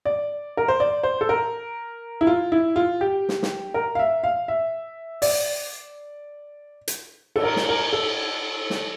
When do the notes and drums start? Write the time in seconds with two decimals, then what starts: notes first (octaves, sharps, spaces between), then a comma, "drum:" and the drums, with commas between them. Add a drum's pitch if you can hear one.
0.05 D5
0.57 A#4
0.68 C5
0.80 D5
1.03 C5
1.21 A4
1.29 A#4
2.21 E4
2.27 F4
2.52 E4
2.76 F4
3.01 G4
3.29 drum: snare
3.42 drum: snare
3.74 A#4
3.95 F5
3.99 E5
4.24 F5
4.48 E5
5.22 D5, drum: open hi-hat
6.88 drum: hi-hat
7.36 A4, drum: cymbal
7.44 A#4
7.56 drum: snare
7.69 A#4
7.93 A4
8.70 drum: snare